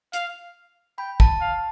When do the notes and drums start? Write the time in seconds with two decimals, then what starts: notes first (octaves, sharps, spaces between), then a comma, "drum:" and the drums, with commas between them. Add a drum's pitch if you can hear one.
0.13 F5, drum: hi-hat
0.98 G5 B5
1.20 A5, drum: kick
1.41 F5